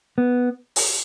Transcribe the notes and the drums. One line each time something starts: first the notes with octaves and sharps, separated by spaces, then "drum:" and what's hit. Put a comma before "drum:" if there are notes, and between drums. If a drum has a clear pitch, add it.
B3
drum: open hi-hat